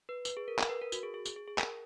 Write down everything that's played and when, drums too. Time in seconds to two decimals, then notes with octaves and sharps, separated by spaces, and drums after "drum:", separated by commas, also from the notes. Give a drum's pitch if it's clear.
0.09 B4
0.25 B4, drum: tambourine
0.37 G#4
0.48 A#4
0.59 A#4, drum: clap
0.69 B4
0.81 A#4
0.92 F#4, drum: tambourine
1.03 G#4
1.14 G#4
1.25 G#4, drum: tambourine
1.36 G#4
1.48 G#4
1.58 A#4, drum: clap